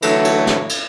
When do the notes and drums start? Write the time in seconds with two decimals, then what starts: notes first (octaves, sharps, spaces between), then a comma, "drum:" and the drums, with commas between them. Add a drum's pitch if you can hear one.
0.02 D3 E3 F#3 A3, drum: cymbal
0.25 drum: cymbal
0.47 drum: snare
0.69 drum: cymbal